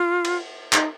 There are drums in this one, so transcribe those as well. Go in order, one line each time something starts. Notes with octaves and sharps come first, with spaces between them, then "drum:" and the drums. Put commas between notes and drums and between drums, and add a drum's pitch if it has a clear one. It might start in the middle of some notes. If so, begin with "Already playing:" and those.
Already playing: F4
drum: cymbal
D#4, drum: clap